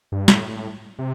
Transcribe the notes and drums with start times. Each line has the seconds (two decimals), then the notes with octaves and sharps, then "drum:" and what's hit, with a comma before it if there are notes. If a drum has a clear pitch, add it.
0.12 G2
0.28 C3, drum: snare
0.33 A2
0.99 C3